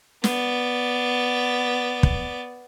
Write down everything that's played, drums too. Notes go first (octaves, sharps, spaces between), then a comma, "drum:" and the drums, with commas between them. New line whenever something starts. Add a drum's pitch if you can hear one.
B3 D5, drum: snare
drum: kick